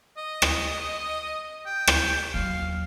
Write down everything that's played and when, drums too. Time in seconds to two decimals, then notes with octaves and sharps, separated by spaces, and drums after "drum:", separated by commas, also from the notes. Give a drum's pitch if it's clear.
0.18 D#5
0.42 drum: rim click
1.66 G5
1.87 drum: rim click
2.34 D#2 F#3 F5